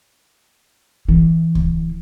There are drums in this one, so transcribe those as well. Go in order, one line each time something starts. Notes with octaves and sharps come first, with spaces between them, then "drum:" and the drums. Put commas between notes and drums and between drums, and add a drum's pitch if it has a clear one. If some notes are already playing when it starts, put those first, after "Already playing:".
E3
drum: kick C#2